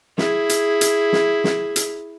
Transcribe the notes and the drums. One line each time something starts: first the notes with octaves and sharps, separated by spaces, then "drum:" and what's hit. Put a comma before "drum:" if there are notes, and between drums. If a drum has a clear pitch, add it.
E4 G#4, drum: snare
drum: hi-hat
drum: hi-hat
drum: snare
drum: snare
drum: hi-hat